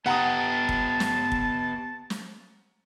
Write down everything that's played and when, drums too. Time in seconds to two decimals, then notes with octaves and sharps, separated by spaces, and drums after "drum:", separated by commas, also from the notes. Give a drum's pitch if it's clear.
0.06 B3 G4 F#5 A5 A#5 D#6
0.69 drum: kick
1.00 drum: snare
1.32 drum: kick
2.10 drum: snare